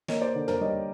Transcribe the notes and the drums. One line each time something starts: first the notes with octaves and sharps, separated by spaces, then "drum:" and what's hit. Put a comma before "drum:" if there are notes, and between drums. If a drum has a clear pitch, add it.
A#3 C#5 D#5, drum: snare
C5 D5
D3
A#4 C5, drum: tom
G3 C#5 D#5